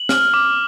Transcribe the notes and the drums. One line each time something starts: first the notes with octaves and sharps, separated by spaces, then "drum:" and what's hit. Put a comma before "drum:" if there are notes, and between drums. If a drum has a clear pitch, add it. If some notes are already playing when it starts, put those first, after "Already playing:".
Already playing: F#7
F6, drum: snare
D6